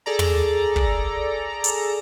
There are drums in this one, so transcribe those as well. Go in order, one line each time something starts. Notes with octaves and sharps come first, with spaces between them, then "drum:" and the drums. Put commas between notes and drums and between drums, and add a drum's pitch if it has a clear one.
G#4 A4 D5 A#5
drum: tom
drum: kick
drum: hi-hat